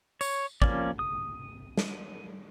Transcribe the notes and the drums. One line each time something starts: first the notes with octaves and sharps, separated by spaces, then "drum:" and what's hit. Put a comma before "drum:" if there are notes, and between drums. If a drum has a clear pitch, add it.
C#5, drum: tambourine
F3 A#3 C#4 D5, drum: kick
D#6
drum: snare